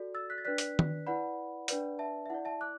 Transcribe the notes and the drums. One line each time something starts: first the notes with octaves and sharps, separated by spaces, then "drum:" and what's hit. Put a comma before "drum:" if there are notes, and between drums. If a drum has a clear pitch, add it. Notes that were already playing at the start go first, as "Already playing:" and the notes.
Already playing: F#4 A4 D5
E6 A6
F#6 B6
A6
D4 B4 D5 F#6 B6
drum: hi-hat
drum: tom D#3
E4 B4 D5 F#5 B5
D4 B4 D5, drum: hi-hat
E5 A5
E5
E4 D5 F#5
E5 A5
D6 F#6